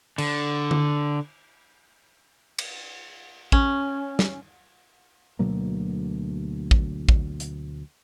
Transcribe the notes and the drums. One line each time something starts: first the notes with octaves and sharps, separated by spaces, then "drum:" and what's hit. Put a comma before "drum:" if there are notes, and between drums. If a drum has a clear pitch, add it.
D3, drum: cymbal
drum: tom D3
drum: cymbal
C#4, drum: kick
drum: snare
D2 B2 F#3 A#3
drum: kick
drum: kick
drum: hi-hat